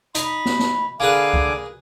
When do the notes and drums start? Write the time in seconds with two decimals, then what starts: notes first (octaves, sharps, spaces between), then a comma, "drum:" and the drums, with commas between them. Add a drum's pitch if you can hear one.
0.15 D#4 B5, drum: hi-hat
0.45 drum: snare
0.59 drum: snare
1.00 D3 A#3 G#4 B4 F5 G#5 D6
1.34 drum: kick